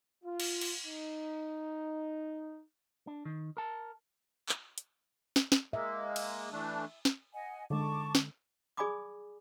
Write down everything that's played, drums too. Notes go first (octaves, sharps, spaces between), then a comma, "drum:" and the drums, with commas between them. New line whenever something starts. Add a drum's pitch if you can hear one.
F4
drum: cymbal
drum: cymbal
D#4
D4
D#3
A#4 A5
drum: clap
drum: hi-hat
drum: snare
drum: snare
G#3 A#3 E5
drum: cymbal
E3 A3 D4
drum: snare
D#5 F#5 G#5
D3 G#3 A5 C#6 D6
drum: snare
G#4 D5 G#5 B5 D6 D#6